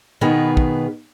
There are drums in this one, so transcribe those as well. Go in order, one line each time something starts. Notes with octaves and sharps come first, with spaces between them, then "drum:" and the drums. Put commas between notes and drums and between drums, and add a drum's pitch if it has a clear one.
B2 D#3 B3 G#4 B4
drum: kick